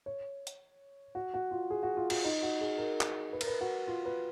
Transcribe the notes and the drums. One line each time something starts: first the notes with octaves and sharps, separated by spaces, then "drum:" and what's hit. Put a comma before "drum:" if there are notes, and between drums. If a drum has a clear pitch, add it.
C#5
drum: hi-hat
F#4
F#4
F4
G#4
F#4
F4
F4, drum: cymbal
D#4
F#4
G#4
A#4
drum: clap
B4
A#4, drum: cymbal
B4
F#4
F4
B4